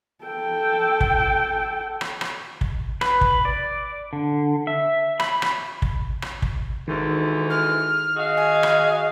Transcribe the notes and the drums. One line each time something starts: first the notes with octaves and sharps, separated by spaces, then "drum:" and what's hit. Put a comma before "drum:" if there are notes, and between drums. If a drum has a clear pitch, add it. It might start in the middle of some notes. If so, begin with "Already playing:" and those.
A4 G5
drum: kick
drum: rim click
drum: rim click
drum: kick
B4, drum: rim click
drum: kick
D5
D3
E5
B5, drum: rim click
drum: rim click
drum: kick
drum: rim click
drum: kick
D2 G#2 D#3 E3
F6
F#4 G#4 D#5 F5
G#5
drum: rim click